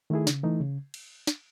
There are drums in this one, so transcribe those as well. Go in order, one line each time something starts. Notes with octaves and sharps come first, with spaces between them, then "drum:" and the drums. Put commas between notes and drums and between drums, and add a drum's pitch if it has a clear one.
D#3 A3 E4 G#4
C#3, drum: snare
E3 A3 D#4
C#3
drum: cymbal
drum: snare